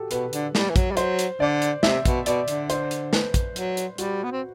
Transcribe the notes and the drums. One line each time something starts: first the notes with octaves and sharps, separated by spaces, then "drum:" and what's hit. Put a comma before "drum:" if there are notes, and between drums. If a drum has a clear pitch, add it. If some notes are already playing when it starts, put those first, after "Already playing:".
Already playing: F#4 G4 A4
B2 B4, drum: hi-hat
D3, drum: hi-hat
G3, drum: snare
E3
F#3, drum: kick, hi-hat
G3
F#3 C5, drum: hi-hat
drum: hi-hat
D3 D5
drum: hi-hat
C3 E5, drum: snare
B2, drum: kick, hi-hat
B2 D5, drum: hi-hat
D3, drum: hi-hat
C5, drum: hi-hat
drum: hi-hat
B4, drum: snare
drum: kick, hi-hat
F#3, drum: hi-hat
drum: hi-hat
G3 F#4, drum: hi-hat
B3
C4